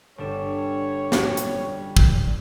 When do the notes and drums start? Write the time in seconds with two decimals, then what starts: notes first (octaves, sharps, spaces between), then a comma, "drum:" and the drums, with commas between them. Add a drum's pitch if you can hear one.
0.18 G1 G3 D4 C#5 E7
1.12 drum: snare
1.37 drum: hi-hat
1.97 drum: kick